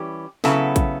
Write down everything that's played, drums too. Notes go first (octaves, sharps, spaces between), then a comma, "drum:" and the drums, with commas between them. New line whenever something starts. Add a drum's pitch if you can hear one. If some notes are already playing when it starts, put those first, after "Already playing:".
Already playing: E3 G3 C#4 G4
C#3 F#3 B3 E4 A4, drum: snare
drum: kick, hi-hat